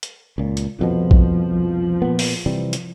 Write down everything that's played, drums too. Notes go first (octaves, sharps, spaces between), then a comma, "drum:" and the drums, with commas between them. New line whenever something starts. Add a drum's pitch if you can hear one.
drum: hi-hat
C#2 A#2
drum: hi-hat
C2 F2 B2 F3
drum: kick A#1
A#2 B3
drum: open hi-hat
C3 E3 G3
drum: hi-hat